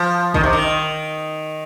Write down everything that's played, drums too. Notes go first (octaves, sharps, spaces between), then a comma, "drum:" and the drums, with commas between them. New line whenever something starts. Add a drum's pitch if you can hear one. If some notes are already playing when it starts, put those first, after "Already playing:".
Already playing: F3
D#3, drum: kick A1
C3
D#3